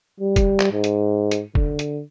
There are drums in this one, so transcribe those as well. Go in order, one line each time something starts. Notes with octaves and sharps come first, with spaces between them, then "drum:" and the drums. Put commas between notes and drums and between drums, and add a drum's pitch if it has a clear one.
G3
drum: kick, hi-hat
drum: clap
G#2
drum: hi-hat
drum: hi-hat
D3, drum: kick
drum: hi-hat